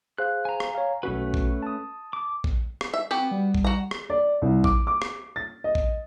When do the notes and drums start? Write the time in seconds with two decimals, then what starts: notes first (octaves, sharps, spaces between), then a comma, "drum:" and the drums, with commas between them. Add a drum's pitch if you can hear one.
0.18 G#4 C5 F5 F#6
0.45 G#5 A#5
0.60 drum: rim click
0.75 C#5 F5
1.03 B1 A3 C#4 F#4 B4
1.34 drum: kick A#1
1.63 A5 D#6
2.13 D6
2.44 drum: kick A#1
2.81 drum: rim click
2.93 E5
3.11 B3 C4 F#4 G4
3.31 G3
3.55 drum: kick A#1
3.64 F#4 A#5
3.91 drum: rim click
4.10 D5
4.42 C2
4.64 D6, drum: kick A#1
4.87 D6
5.02 drum: rim click
5.36 A6
5.64 D#5
5.75 drum: kick A#1